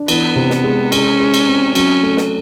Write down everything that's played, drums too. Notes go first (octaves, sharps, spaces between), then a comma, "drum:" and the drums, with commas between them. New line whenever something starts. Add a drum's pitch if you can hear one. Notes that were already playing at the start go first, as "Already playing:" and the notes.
Already playing: D4
E3 B3, drum: cymbal
C3
drum: snare
G#3
G#3 C#4, drum: cymbal
G#3
drum: cymbal
C4
F#3 C#4, drum: cymbal
A3
drum: snare